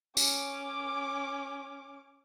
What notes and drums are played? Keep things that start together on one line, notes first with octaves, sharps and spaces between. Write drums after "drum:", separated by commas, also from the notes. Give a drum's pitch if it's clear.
C#4 D6, drum: tambourine